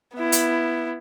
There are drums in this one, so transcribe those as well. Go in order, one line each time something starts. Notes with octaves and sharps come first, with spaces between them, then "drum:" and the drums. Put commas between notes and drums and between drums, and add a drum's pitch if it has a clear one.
B3 E4
drum: hi-hat